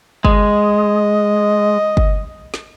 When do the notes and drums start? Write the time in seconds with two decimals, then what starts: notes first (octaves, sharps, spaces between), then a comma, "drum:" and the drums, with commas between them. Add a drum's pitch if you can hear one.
0.25 G#3 D#5, drum: kick G1
1.97 drum: kick G1
2.54 drum: snare